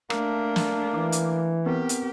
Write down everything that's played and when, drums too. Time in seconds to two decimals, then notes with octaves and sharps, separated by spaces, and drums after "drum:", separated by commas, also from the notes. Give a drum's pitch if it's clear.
0.10 A3 A#3 D4, drum: rim click
0.56 drum: snare
0.94 E3 D6
1.12 drum: hi-hat
1.66 B3 C4 G4 A#4
1.89 drum: hi-hat